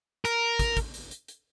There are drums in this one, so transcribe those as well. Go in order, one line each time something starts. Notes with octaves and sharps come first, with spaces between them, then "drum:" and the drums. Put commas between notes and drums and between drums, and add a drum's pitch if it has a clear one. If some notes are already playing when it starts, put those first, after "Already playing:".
A#4, drum: hi-hat
drum: kick, hi-hat
drum: kick, hi-hat
drum: hi-hat
drum: hi-hat
drum: hi-hat